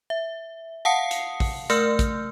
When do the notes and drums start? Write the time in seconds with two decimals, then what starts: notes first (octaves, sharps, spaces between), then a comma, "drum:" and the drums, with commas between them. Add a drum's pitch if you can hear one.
0.10 E5
0.85 F5 F#5 A5 D#6 C7 C#7
1.11 drum: hi-hat
1.40 drum: kick A1, open hi-hat
1.70 A3 A#4 E6 F6 G6, drum: hi-hat
1.99 drum: kick A1, hi-hat